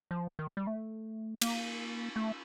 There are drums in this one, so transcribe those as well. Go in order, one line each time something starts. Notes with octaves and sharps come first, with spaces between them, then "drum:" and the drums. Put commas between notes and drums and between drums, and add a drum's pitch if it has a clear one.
F3
D#3
G3
A3
A#3, drum: cymbal
A3